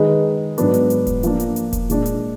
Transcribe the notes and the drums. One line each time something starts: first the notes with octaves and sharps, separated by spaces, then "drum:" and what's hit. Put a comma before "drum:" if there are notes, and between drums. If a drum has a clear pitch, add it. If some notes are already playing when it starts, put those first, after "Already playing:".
Already playing: D#3 G#3 D#4 G#4 B4
G#2 F#3 B3 D4, drum: hi-hat
drum: hi-hat
drum: hi-hat
drum: kick E1, hi-hat
F3 A#3 D4, drum: hi-hat
drum: hi-hat
drum: hi-hat
drum: kick E1, hi-hat
A#2 G#3 D4, drum: hi-hat
drum: hi-hat